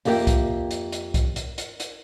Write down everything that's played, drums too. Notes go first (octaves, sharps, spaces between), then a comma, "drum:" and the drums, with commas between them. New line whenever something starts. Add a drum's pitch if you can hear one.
F2 A#3 G4 G#4 E5 G5, drum: open hi-hat
drum: kick C2, hi-hat
drum: hi-hat
drum: hi-hat
drum: kick C2, hi-hat
drum: hi-hat
drum: hi-hat
drum: hi-hat